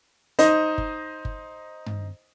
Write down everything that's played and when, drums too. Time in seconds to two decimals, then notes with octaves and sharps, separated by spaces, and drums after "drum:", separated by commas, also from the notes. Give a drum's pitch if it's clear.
0.39 D#4 C5 D#5, drum: hi-hat
0.78 drum: kick G1
1.25 drum: kick G1
1.86 drum: tom G2